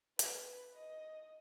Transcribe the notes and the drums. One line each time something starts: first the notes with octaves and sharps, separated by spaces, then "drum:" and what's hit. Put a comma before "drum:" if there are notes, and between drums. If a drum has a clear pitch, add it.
B4, drum: hi-hat
D#5